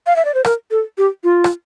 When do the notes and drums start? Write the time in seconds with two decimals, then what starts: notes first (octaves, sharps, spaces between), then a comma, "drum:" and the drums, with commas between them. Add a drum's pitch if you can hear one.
0.07 F5
0.16 E5
0.25 D5
0.34 C5
0.45 A#4, drum: rim click
0.71 A4
0.98 G4
1.24 F4
1.44 drum: rim click